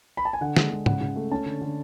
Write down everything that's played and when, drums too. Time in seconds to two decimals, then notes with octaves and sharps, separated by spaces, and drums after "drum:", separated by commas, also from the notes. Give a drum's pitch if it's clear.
0.17 B5
0.25 A5
0.33 G#5
0.41 D3 F#5
0.57 G#3, drum: snare
0.71 G#3
0.86 C#3 F#5, drum: tom
1.01 C#3
1.16 A3
1.31 C#4 A5
1.46 D3
1.61 D3